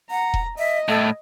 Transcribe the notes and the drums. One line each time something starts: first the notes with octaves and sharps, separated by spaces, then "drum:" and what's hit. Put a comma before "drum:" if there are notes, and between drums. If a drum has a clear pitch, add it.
F#5 A#5
drum: kick E1
D#5 E5
A2 A4